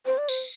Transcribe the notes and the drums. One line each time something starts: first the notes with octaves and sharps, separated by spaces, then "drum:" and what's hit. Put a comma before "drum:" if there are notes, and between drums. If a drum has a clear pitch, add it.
C5
D5
C5, drum: tambourine